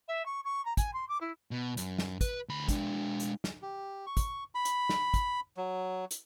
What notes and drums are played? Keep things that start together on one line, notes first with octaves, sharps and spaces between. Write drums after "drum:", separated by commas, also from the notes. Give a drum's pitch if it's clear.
E5
C#6
C#6
A#5
G#5, drum: kick, hi-hat
C6
D6
E4
B2
F#2, drum: hi-hat
drum: snare
B4, drum: kick, hi-hat
D2 B5
G#3 D4, drum: kick, hi-hat
drum: hi-hat
drum: snare
G4
C#6
drum: kick, hi-hat
B5
drum: hi-hat
drum: snare
drum: kick, hi-hat
F#3
drum: hi-hat